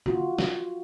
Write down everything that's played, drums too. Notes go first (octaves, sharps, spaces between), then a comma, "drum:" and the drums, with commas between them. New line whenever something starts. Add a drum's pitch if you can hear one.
F4 F#4, drum: tom D3
drum: snare